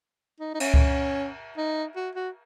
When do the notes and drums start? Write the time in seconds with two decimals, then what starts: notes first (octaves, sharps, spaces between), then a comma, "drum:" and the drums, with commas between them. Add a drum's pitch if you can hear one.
0.40 D#4
0.54 D#4
0.60 C#4, drum: cymbal
0.74 drum: kick C#2
1.57 D#4
1.96 F#4
2.15 F#4